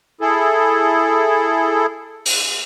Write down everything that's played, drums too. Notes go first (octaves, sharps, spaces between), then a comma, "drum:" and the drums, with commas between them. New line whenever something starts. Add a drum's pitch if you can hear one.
E4 G#4 A4
drum: open hi-hat